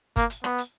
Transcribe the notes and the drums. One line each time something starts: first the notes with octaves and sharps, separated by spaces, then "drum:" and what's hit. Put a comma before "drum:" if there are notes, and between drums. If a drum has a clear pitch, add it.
A#3, drum: kick G1, hi-hat
drum: hi-hat
B3, drum: rim click
drum: hi-hat